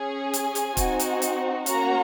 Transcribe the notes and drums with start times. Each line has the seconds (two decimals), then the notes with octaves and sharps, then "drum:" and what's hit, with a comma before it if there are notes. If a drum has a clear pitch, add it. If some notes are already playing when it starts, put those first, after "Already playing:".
Already playing: C#4 G#4
0.34 G#5, drum: hi-hat
0.55 drum: hi-hat
0.77 C4 D#4 F#4, drum: kick, hi-hat
0.99 drum: hi-hat
1.22 drum: hi-hat
1.66 A#3 C#4 F#4 A#5, drum: hi-hat